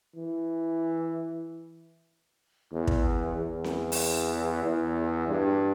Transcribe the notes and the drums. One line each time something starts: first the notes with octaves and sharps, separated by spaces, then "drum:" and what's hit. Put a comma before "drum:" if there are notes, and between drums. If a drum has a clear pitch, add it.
E3
E2
drum: kick
E2
drum: snare C4
drum: open hi-hat
E2
G2